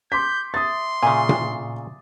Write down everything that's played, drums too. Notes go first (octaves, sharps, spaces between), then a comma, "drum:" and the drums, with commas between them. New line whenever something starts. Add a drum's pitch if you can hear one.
C6 D6 G6 B6
E5 C6 D#6 A6
A#2 C#3 E5 G#5
drum: tom A#2